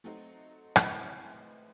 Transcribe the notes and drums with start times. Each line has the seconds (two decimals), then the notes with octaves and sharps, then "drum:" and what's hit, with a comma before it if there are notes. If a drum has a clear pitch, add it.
0.04 F#3 A3 C4 D#4 F#4
0.76 A2 E3 G#3 C4, drum: rim click